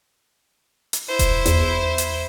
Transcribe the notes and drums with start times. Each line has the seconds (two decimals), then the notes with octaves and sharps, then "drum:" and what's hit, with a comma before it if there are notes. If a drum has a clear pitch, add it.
0.93 drum: hi-hat
1.08 E4 C5
1.19 drum: kick E1, hi-hat
1.46 E2, drum: hi-hat
1.98 drum: hi-hat